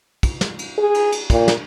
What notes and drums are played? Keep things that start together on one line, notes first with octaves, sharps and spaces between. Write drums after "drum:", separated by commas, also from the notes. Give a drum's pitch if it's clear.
drum: kick, cymbal
drum: snare
drum: cymbal
G#4
drum: cymbal
drum: cymbal
A#2, drum: kick, cymbal
drum: snare